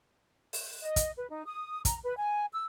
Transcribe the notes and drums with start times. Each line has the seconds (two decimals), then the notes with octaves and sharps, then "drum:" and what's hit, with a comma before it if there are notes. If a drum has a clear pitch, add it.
0.53 drum: open hi-hat
0.82 D#5
0.96 drum: kick, hi-hat
1.17 B4
1.30 D#4
1.45 D#6
1.85 A#5, drum: kick, hi-hat
2.04 B4
2.17 G#5
2.53 E6